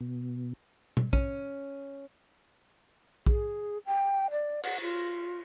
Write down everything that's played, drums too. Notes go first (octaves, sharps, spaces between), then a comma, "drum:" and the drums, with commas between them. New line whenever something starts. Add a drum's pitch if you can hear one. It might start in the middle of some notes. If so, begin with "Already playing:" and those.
B2
drum: tom B2
C#4, drum: kick A#1
G#4, drum: kick A#1
G5
D5
F#5, drum: cymbal
F4